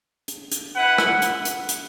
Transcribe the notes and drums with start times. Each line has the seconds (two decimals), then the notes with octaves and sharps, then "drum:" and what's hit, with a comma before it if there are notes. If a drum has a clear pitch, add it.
0.28 drum: hi-hat
0.52 drum: hi-hat
0.75 E4 B4 F#5
0.98 drum: rim click
1.22 drum: hi-hat
1.45 drum: hi-hat
1.69 drum: hi-hat